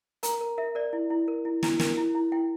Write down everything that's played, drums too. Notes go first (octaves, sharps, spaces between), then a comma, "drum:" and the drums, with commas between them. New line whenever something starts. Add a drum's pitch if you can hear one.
A#4 A#5, drum: hi-hat
A#4
A#4 E5
A#4 D5
E4
E4
A#4
E4
E4, drum: snare
A#4, drum: snare
E4
E4
E4 G5